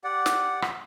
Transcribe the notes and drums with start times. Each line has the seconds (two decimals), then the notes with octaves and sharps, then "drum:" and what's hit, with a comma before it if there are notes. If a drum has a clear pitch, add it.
0.04 G4 D5 F#5
0.26 drum: snare
0.62 drum: rim click